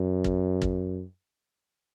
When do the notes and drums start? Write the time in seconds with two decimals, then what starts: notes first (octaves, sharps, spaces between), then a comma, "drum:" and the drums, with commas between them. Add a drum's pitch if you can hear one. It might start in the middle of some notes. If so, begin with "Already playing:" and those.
Already playing: F#2
0.24 drum: kick
0.62 drum: kick